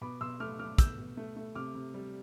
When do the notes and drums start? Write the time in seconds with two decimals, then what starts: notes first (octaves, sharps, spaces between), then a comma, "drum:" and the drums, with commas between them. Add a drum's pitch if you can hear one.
0.01 B2 B5 D6
0.21 B2 C6 E6
0.40 A3 D6 F6
0.59 A3 D6 F6
0.78 B2 E6 G6, drum: kick, hi-hat
0.98 B2
1.17 A3
1.36 A3
1.55 C3 D6 F6
1.75 C3
1.94 G3